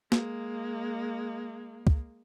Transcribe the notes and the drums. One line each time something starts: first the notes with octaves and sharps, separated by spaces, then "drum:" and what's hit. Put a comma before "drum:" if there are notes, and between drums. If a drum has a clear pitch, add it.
G#3 A#3, drum: snare
drum: kick C#2